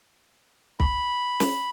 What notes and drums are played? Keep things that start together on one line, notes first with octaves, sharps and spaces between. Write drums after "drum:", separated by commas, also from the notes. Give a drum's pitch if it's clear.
B5, drum: kick
drum: snare